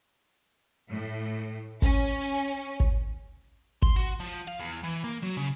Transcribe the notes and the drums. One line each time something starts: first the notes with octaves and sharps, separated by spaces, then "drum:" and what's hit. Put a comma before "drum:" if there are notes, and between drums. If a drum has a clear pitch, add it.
A2
C#4, drum: kick
drum: kick
C6, drum: kick
F#4
F3
F5
E2
E3
A#3
F#3
C#3